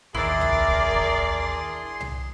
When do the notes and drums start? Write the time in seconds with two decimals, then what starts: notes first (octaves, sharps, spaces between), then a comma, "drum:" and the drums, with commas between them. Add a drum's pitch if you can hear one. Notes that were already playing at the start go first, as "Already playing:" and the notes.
0.15 A1 D#2 D4 E4 G#4 A#4 D5 C6
0.41 drum: tom C2
0.68 drum: kick
0.94 drum: kick
2.00 drum: tom C2